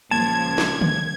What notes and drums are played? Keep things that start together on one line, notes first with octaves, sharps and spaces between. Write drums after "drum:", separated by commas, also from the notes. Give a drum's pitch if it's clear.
C#2 A#2 F3 A5 G#6
drum: snare
drum: tom D3